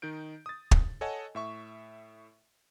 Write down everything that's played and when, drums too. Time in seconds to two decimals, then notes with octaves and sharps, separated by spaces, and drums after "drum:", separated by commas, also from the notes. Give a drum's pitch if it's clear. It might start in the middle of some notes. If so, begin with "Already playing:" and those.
0.02 D#3 D#4 G6 D7
0.46 D#6 A6
0.71 drum: kick
1.01 A4 C#5 D#5 F#5 G#5 A5
1.35 A2 E5 C#6